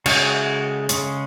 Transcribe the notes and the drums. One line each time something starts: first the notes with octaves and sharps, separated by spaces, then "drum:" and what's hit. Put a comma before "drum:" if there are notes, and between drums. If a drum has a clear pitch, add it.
C#3 G#3 C#4 F#4, drum: cymbal
C#3 G#3 C#4, drum: hi-hat